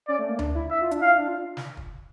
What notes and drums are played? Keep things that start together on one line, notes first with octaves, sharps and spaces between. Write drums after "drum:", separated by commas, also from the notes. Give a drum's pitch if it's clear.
C#4 D5
A3
A#3
D4, drum: tom D2
E4
E5
F4
D4, drum: hi-hat
E4 F5
D4
F4
drum: snare
drum: kick